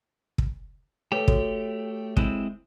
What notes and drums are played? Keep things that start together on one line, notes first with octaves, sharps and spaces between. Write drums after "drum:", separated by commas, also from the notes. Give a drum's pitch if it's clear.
drum: kick
A3 G4 A4 B4 C#5
F#4 A4 C#5, drum: kick
G#3 C4 E4, drum: kick